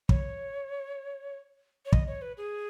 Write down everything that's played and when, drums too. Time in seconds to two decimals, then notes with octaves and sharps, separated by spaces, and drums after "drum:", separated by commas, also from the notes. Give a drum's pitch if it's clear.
0.09 C#5, drum: kick
1.86 C#5
1.92 D#5, drum: kick
2.08 C#5
2.22 B4
2.37 G#4